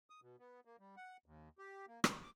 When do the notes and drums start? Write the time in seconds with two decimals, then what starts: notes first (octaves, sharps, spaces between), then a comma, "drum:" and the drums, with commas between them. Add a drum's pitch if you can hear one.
0.10 D#6
0.22 B2
0.39 B3
0.65 A#3
0.79 G3
0.97 F#5
1.26 D#2
1.58 G4
1.88 A#3
2.04 G3, drum: rim click
2.23 D6